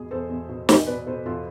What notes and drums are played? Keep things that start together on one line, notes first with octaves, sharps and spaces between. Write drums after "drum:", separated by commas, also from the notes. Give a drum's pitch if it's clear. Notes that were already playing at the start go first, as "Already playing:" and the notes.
Already playing: E2 B2 G#4
E2 A4 C5
E2
B2
E2, drum: snare
B2 B4 D5
B2 A4 C5
E2 F4 A4